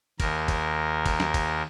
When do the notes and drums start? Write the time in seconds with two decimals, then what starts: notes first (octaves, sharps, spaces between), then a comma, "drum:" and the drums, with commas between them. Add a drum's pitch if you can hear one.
0.20 D#2 A#4, drum: kick, cymbal
0.48 drum: kick, cymbal
1.06 drum: kick, cymbal
1.20 drum: snare
1.34 drum: kick, cymbal